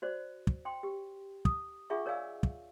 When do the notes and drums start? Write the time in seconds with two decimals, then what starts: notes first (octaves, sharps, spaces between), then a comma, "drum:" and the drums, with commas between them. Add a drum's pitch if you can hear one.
0.02 F#4 C5 D5
0.47 drum: kick
0.65 G5 C6
0.83 G4
1.45 D#6, drum: kick
1.90 D4 F4 G#4 E5 F#5 C#6
2.06 A#4 C#5 D5 F5 G#5 E6
2.43 drum: kick